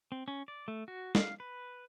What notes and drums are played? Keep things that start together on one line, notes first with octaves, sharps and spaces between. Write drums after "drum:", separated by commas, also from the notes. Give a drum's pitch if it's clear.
C4
C#4
D5
A3
F#4
F5, drum: snare
B4